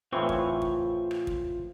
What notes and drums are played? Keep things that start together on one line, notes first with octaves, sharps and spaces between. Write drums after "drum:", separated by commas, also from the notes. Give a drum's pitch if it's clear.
A2 E3 C4 F4 C5 C#6
drum: kick
drum: kick
drum: rim click
drum: kick